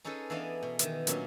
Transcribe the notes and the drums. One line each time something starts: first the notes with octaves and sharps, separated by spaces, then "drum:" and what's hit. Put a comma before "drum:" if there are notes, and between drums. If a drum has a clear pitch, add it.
C#4 D#4 G#4 A4 B4
E3 B3 D4 D5 D#5 F5
B2
D#3 E3, drum: hi-hat
A#2 F#3 C#4 D4 E4, drum: hi-hat